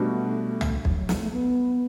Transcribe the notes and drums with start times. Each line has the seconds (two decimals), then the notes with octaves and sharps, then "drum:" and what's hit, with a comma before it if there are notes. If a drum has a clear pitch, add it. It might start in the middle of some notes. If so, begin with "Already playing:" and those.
Already playing: B2 G3 A3 D4 F#4
0.61 drum: tom
0.85 F#3, drum: kick B1
0.96 F#3
1.09 G3, drum: snare
1.20 A3
1.32 B3